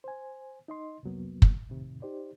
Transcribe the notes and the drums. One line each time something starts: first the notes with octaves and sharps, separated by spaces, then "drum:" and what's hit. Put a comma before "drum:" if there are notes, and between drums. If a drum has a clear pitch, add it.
C5 G#5
D#4 D#5 C6
C2 F2 C3 F#3 A#3 B3
drum: kick
F2 A2 C3 D#3
D#4 G4 C5 D5